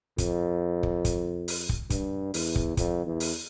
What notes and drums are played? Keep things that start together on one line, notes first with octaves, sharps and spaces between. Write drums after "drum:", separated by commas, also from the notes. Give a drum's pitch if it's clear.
F2, drum: kick, hi-hat
drum: kick
drum: kick, hi-hat
drum: open hi-hat
drum: kick
G2, drum: kick, hi-hat
E2, drum: open hi-hat
drum: kick
F2, drum: kick, hi-hat
E2
drum: open hi-hat